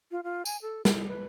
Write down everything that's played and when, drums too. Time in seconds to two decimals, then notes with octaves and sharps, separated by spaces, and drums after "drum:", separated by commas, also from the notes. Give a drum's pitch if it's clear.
0.11 F4
0.24 F4
0.45 G#5, drum: tambourine
0.62 A4
0.85 E4, drum: snare
1.07 B4